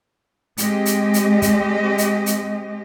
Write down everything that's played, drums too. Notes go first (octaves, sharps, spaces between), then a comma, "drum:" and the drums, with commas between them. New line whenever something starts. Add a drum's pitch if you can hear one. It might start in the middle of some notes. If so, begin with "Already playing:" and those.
G#3 C4 G4 D#5, drum: hi-hat
drum: hi-hat
drum: hi-hat
drum: kick, hi-hat
drum: hi-hat
drum: hi-hat